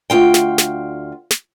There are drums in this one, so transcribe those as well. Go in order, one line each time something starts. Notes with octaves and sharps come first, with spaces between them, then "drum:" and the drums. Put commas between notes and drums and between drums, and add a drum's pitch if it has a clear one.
D2 F4 G5
drum: snare
drum: snare
drum: snare